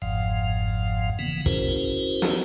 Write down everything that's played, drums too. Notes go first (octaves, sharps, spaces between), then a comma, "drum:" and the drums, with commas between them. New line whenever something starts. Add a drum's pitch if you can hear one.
G1 F2 G#2 F3 F5 F#5
C#3 E3 A#3 B3
C#4 E4 F#4 G#4 A#4 C5, drum: kick
drum: snare